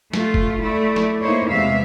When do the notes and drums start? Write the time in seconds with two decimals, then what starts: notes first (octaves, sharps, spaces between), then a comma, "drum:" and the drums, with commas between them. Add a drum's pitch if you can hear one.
0.13 A3 F4, drum: snare
0.34 drum: kick F1
0.62 A3 E4 D5
0.96 drum: snare
1.20 A#3 D#4 E4 C5 C#5
1.50 E2 C3 G#3 E5 F5